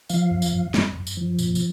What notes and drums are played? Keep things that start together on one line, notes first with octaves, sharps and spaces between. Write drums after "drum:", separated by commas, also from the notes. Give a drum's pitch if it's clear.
F3 F5, drum: tambourine
F#2
drum: tambourine
F#2
F#2, drum: snare
F#2
drum: tambourine
F3
A#2, drum: tambourine
drum: tambourine